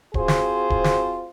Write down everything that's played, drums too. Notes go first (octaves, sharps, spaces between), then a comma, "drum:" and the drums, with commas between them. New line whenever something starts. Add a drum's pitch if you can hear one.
C4 F4 F#4 G#4 C5, drum: kick D1
drum: snare
drum: kick D1
drum: snare